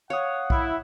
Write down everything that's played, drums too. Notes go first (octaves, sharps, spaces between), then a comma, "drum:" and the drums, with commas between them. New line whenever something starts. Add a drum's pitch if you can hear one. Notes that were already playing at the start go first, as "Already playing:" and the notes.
C#5 F5 F#5 D#6
E4, drum: kick B1